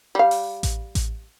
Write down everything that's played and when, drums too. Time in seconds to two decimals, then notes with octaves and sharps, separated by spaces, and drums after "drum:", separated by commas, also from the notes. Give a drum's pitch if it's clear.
0.15 G3 F5
0.31 drum: open hi-hat
0.63 drum: kick A1, hi-hat
0.95 drum: kick A1, hi-hat